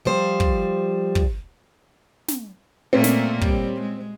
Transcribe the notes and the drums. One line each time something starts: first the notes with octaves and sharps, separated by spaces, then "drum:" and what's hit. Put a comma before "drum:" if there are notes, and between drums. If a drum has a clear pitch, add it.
F3 G3 C5
drum: kick
drum: kick
drum: snare
A#2 A3 A#3 C4 C#4
drum: snare
G3, drum: kick
G#3